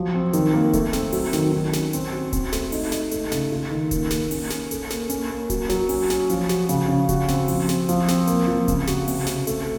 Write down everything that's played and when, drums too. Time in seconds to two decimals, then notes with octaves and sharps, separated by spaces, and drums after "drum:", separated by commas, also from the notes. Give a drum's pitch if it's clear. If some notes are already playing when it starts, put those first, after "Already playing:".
Already playing: F3 F#3
0.14 C4
0.33 D#3, drum: hi-hat
0.53 A#3
0.73 A3, drum: kick D1, hi-hat
0.93 C4, drum: snare
1.13 F#3, drum: open hi-hat
1.33 D#3, drum: snare
1.52 D#3
1.73 C#4, drum: snare
1.93 C4, drum: hi-hat
2.12 F#4
2.33 C4, drum: kick D1, hi-hat
2.53 A3, drum: snare
2.72 D#4, drum: open hi-hat
2.92 D#4, drum: snare
3.11 A3, drum: hi-hat
3.32 C#3, drum: snare
3.52 F4
3.71 D#3
3.91 A#3, drum: kick D1, hi-hat
4.11 A#3, drum: snare
4.31 C#4, drum: open hi-hat
4.50 C#4, drum: snare
4.71 A4, drum: hi-hat
4.90 A#3, drum: snare
5.10 C#4, drum: hi-hat
5.30 A#3
5.50 F#3, drum: kick D1, hi-hat
5.69 F#3, drum: snare
5.89 C#4, drum: open hi-hat
6.10 C#4, drum: snare
6.30 F3, drum: hi-hat
6.49 F#4, drum: snare
6.69 C#3, drum: hi-hat
6.89 C#3
7.09 F#4, drum: kick D1, hi-hat
7.28 C4, drum: snare
7.48 F3, drum: open hi-hat
7.69 C4, drum: snare
7.89 F3, drum: hi-hat
8.08 C4, drum: snare
8.27 A#3, drum: hi-hat
8.47 F3
8.68 C#3, drum: kick D1, hi-hat
8.87 F#4, drum: snare
9.08 C3, drum: open hi-hat
9.26 C3, drum: snare
9.47 A3, drum: hi-hat